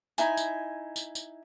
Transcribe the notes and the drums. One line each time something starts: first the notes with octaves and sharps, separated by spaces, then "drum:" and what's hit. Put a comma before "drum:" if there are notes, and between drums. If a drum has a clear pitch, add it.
D#4 E4 G#5, drum: tambourine
drum: tambourine
drum: tambourine
drum: tambourine